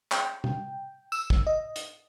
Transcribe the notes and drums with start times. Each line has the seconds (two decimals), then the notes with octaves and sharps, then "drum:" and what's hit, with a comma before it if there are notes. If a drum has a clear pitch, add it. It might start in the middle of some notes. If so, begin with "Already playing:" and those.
0.12 G5, drum: clap
0.44 drum: tom B2
1.12 E6, drum: tambourine
1.30 drum: kick
1.47 D#5
1.76 drum: hi-hat